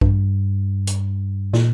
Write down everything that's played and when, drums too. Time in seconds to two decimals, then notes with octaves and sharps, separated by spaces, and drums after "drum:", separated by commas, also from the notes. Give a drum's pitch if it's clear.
0.01 G2, drum: kick A#1
0.87 drum: hi-hat
1.54 A#2, drum: snare